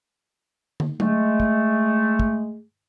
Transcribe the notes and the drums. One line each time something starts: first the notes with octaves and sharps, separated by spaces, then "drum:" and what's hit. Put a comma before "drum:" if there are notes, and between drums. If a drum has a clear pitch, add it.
drum: tom
G#3 A3, drum: tom F#3
drum: kick
drum: kick